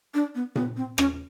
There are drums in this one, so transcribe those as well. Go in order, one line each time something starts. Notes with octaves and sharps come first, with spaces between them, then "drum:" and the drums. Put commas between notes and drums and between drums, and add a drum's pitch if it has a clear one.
D4
B3
B3, drum: tom A#2
C4
C#4, drum: rim click